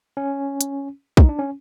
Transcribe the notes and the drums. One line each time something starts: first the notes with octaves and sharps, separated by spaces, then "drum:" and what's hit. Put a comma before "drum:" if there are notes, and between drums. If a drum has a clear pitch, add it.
C#4
drum: hi-hat
D#4, drum: kick
D4
C#4